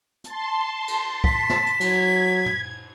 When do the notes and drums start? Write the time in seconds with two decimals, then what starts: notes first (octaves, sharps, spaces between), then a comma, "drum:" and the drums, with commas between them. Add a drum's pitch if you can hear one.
0.24 A5 C6, drum: hi-hat
0.88 drum: cymbal
1.24 B6, drum: kick
1.49 drum: snare
1.66 drum: hi-hat
1.80 F#3 G#6, drum: cymbal
2.46 drum: tom